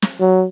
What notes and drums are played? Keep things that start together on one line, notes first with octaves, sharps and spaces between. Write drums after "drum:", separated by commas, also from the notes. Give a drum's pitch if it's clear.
drum: snare
F#3